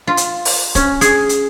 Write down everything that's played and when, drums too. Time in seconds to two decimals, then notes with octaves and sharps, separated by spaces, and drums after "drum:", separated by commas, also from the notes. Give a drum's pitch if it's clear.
0.07 F4
0.17 drum: hi-hat
0.45 drum: open hi-hat
0.75 C#4, drum: kick C#1, hi-hat
1.01 G#4, drum: hi-hat
1.29 drum: hi-hat